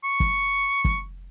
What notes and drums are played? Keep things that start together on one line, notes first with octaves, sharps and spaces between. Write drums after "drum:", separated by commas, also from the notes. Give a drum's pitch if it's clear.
C#6
drum: kick
drum: kick